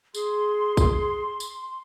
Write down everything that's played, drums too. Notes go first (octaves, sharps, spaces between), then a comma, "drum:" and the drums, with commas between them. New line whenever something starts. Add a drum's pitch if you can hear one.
G#4 C6, drum: tambourine
drum: kick, tambourine
drum: tambourine